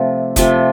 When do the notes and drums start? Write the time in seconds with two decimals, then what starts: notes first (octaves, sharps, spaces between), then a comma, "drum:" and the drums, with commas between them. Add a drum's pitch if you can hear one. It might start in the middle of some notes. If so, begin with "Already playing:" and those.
Already playing: C3 F3 A3
0.36 C3 F3 A3, drum: kick F#1, hi-hat